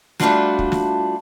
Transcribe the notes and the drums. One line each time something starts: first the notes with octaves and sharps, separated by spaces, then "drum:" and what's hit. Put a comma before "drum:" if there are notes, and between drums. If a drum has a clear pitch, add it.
G3 A3 D4 F4 F#4, drum: snare
drum: kick
drum: snare